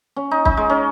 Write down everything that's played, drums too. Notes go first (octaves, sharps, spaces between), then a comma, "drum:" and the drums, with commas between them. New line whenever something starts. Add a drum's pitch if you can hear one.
C#4
D#4
D#4, drum: kick
G#3
C#4